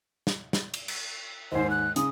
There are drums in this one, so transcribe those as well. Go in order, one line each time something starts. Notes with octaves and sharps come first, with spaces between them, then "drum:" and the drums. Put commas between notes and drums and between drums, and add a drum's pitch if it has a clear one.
drum: snare
drum: snare
drum: cymbal
drum: cymbal
D#2 G#2 C5
F#6
C#3 D#6, drum: hi-hat